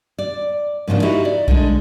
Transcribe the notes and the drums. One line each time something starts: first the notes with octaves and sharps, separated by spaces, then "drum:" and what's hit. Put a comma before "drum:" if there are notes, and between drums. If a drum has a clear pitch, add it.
D5
G#2 C#3 F3 A#3 D4
D#4 E4 F#4 G4 D#5
D5
D3 G#3, drum: kick B1